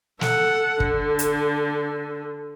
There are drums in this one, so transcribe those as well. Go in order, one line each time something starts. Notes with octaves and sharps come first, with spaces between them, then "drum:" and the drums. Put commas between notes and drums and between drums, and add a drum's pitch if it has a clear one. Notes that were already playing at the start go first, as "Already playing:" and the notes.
A4 F#5, drum: snare
D3, drum: kick
drum: hi-hat